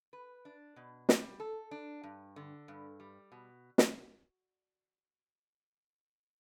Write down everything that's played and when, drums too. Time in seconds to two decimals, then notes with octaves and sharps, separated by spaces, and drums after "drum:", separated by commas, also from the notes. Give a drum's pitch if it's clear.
0.13 B4
0.45 D4
0.76 B2
1.09 G3, drum: snare
1.40 A4
1.71 D4
2.04 G2
2.36 D3
2.68 G2
3.00 G3
3.32 B2
3.78 drum: snare